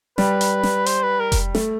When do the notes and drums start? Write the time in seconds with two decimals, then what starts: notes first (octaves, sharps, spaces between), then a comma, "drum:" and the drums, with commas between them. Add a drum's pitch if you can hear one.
0.18 G3 B4, drum: snare
0.41 drum: hi-hat
0.63 drum: snare
0.86 C5, drum: hi-hat
1.03 B4
1.20 A#4
1.32 drum: kick F1, hi-hat
1.55 A3, drum: snare